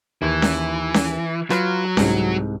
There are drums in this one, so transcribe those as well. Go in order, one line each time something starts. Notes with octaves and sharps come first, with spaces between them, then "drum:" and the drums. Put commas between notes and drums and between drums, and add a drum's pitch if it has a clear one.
D#2 E3
drum: snare C#4
drum: snare C#4
F#3 F4 B4 F5, drum: rim click
C2 G#2, drum: snare C#4